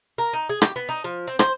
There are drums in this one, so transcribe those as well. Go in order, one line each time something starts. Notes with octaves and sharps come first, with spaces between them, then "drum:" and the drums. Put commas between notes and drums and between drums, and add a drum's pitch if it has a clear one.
A#4
D#4
G#4
G4, drum: rim click
B3
D#4
F3
C4
C5, drum: rim click